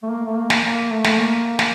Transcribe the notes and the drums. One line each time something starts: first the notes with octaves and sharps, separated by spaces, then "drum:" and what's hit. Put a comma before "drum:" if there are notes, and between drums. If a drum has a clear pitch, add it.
A3
A#3
A3
A#3
drum: snare
A#3
A3
drum: snare
A#3
drum: snare